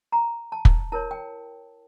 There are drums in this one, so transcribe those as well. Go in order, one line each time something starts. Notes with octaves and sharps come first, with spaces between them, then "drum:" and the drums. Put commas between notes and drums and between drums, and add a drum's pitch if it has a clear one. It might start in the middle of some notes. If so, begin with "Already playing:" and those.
A#5
A5
drum: kick
E4 A#4 C#5 A5
G5